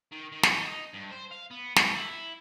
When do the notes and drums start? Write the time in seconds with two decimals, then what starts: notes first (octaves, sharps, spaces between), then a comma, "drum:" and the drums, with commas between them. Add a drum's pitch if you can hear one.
0.12 D#3
0.32 D#3
0.43 drum: snare
0.57 D#4
0.94 G2
1.11 C5
1.31 F5
1.51 B3
1.76 G#2, drum: snare
1.96 E4